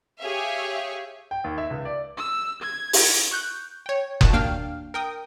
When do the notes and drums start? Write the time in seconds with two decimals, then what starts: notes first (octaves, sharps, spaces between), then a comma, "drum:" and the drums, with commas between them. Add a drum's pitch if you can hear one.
0.21 G4 G#4 C#5 E5 F5
1.31 G5
1.44 D#2
1.58 E5
1.70 C#2
1.85 D5
2.17 E6
2.61 G#6
2.93 drum: open hi-hat
3.31 C#6 F#6 G6
3.86 C#5 G5
4.21 A#2 D#3 F#4 A5, drum: kick F#1
4.33 D#2 A#3 D4 F5 G5 F6
4.94 A#4 G5 D#6